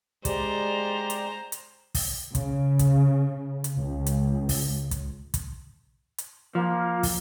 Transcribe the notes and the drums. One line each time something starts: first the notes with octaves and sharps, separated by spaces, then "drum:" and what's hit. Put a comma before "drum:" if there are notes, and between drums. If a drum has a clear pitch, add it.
G#3 G4 C5 D5 A#5, drum: kick, hi-hat
drum: hi-hat
drum: hi-hat
drum: kick, open hi-hat
C#3, drum: kick, hi-hat
drum: kick, hi-hat
drum: hi-hat
C#2
drum: hi-hat
drum: kick, open hi-hat
drum: kick, hi-hat
drum: kick, hi-hat
drum: hi-hat
F3 A#3
drum: kick, open hi-hat